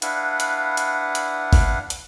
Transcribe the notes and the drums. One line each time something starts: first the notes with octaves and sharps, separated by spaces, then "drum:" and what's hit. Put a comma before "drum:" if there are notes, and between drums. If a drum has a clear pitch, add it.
D4 E4 B4 F5 F#5, drum: hi-hat
drum: hi-hat
drum: hi-hat
drum: hi-hat
drum: kick, open hi-hat
drum: hi-hat